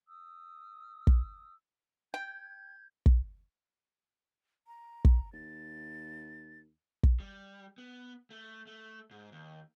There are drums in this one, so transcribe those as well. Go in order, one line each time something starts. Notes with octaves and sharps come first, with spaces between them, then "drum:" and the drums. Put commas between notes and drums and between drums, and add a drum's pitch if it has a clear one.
D#6 E6
drum: kick
G5 G6 G#6
drum: kick
A#5
drum: kick
D#2 A6
drum: kick
G3
B3
A3
A3
G#2
D#2